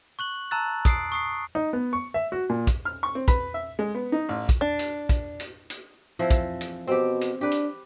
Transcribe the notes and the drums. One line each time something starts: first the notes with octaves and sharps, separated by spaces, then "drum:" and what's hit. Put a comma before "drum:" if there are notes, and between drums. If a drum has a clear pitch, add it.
C#6 F#6 F#7
A5 A#5 E6 F#6 A6
D#6 C7 D7, drum: kick, hi-hat
C#6 D#6 C7
D#4
B3
C#6
E5
F#4
A#2
drum: kick, hi-hat
F6
C#6
C4
B4, drum: kick, hi-hat
E5
G#3
B3
D#4
A1
drum: kick, hi-hat
D4
drum: hi-hat
drum: kick, hi-hat
drum: hi-hat
drum: hi-hat
E3 F3 C4
drum: kick, hi-hat
drum: hi-hat
B2 C4 G4
drum: hi-hat
D4 G4 B4
drum: hi-hat